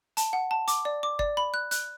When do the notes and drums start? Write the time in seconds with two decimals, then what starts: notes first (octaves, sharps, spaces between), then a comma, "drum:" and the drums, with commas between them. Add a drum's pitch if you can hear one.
0.17 A5, drum: hi-hat
0.33 F#5
0.51 A5
0.68 D6, drum: hi-hat
0.85 D5
1.03 D6
1.19 D5, drum: kick
1.37 B5
1.54 F#6
1.71 F#6, drum: hi-hat